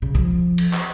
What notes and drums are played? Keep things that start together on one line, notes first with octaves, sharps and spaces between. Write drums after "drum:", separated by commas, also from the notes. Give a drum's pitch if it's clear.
C#3
F3, drum: kick B1
drum: cymbal
drum: clap